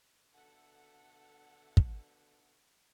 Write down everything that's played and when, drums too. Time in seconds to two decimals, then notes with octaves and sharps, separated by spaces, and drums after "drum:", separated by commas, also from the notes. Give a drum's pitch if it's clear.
0.33 B2 D3 A4 E5 F#5
1.77 drum: kick